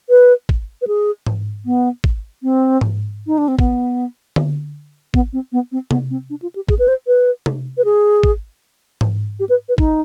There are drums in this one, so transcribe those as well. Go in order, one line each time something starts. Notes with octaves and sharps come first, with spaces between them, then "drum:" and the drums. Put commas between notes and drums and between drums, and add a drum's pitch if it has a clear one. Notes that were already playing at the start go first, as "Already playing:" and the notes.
B4
drum: kick
B4
G#4
drum: tom G#2
B3
drum: kick
C4
drum: tom G#2
D#4
D4
C4
B3, drum: kick
drum: tom D3
B3, drum: kick
C4
B3
C4
B3, drum: tom C3
C4
D4
F4
G4
G#4, drum: kick
B4
C5
B4
drum: tom C3
B4
G#4
drum: kick
drum: tom G#2
G4
B4
B4
D#4, drum: kick